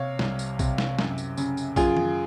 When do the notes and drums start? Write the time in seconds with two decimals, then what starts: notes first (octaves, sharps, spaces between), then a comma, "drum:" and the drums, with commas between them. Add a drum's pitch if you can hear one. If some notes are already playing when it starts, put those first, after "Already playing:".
Already playing: C3 C#5 F5
0.19 C2, drum: snare
0.39 drum: tambourine
0.59 C3, drum: kick A#1, tambourine
0.78 drum: snare
0.99 F#2, drum: snare
1.18 drum: tambourine
1.37 C#3, drum: tambourine
1.57 drum: tambourine
1.76 F#2 F4 G#4, drum: kick A#1, tambourine
1.97 drum: tom D#3